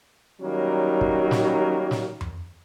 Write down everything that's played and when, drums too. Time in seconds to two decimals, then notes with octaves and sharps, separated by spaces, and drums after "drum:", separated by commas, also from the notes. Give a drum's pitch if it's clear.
0.41 D#3 F#3 G3 A#3 C#4
1.01 drum: kick
1.31 drum: snare
1.91 drum: snare
2.21 drum: tom F2